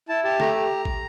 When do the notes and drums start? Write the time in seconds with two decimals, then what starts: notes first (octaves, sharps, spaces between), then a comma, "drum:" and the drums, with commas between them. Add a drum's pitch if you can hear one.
0.09 E4 A5
0.24 G4 A5
0.40 A3 A#5, drum: snare
0.55 G4
0.85 drum: kick